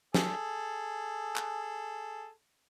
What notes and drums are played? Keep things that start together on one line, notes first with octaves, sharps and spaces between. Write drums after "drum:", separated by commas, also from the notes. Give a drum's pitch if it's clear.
G#4 A4, drum: snare
drum: clap